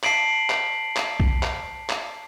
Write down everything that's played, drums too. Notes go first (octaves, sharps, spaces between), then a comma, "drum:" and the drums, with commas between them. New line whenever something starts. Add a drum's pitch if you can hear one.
A5 B6 C7 D7 F#7, drum: clap
drum: clap
drum: clap
drum: kick B1
drum: clap
drum: clap